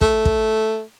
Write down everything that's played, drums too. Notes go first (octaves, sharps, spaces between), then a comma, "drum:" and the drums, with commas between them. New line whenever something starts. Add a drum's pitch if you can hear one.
A3, drum: kick
drum: kick